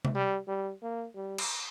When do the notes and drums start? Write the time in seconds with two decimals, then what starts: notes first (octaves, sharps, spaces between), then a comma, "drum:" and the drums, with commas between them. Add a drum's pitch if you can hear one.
0.05 drum: tom C3
0.15 G3
0.48 G3
0.82 A#3
1.15 G3
1.38 drum: cymbal